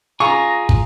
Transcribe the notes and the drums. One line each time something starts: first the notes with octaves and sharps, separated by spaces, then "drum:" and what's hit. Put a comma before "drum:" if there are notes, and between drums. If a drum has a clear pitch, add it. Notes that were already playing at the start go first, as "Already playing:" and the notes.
F4 G#4 A#5 C#6
drum: kick